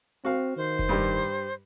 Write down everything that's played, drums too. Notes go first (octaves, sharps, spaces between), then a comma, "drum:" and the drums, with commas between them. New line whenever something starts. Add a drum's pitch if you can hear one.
C4 F#4 F5
D#3 C5
drum: kick F1, hi-hat
G2 G3
drum: hi-hat